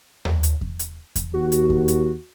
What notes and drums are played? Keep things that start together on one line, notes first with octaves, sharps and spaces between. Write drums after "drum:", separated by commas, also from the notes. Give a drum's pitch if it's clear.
drum: tom D#2
drum: hi-hat
drum: kick E2
drum: hi-hat
drum: kick E2, hi-hat
D#2 F#4
drum: hi-hat
drum: kick E2
drum: hi-hat